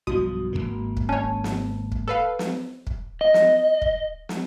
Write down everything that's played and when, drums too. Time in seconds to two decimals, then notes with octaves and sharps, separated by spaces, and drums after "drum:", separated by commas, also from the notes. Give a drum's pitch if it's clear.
0.07 B1 G2 F3 F#4 D#6
0.53 G#1 F#2 A#3
0.97 drum: kick
1.09 C#4 C#5 A5
1.44 drum: snare
1.92 drum: kick
2.07 A4 B4 F5
2.39 drum: snare
2.87 drum: kick
3.21 D#5
3.34 drum: snare
3.82 drum: kick
4.29 drum: snare